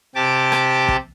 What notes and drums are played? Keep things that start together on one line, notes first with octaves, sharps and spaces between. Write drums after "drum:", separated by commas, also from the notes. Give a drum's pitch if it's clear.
C3 G4 A5 D6
drum: rim click
drum: kick